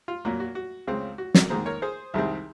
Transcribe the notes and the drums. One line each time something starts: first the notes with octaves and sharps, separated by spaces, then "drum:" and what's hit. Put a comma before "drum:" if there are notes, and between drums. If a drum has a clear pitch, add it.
F4
A#2 F#3 A#3 F#4
F#4
F#4
C#2 C#3 G#3 C4
F#4
F#4 A#4, drum: snare
G#2 D#3 A#3 G#4 C5
A#4 C#5
G#4 C5
C2 C3 D#3 G#3 C4